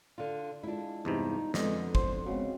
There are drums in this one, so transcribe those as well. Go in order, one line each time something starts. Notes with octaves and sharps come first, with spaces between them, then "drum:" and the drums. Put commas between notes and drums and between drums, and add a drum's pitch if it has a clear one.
D3 F4
G#3 D4 E4 F4
E2 G2 C3 D#4
F2 D3 G#3 B3, drum: snare
C5, drum: kick
C#3 G#3 B3 C4 F#4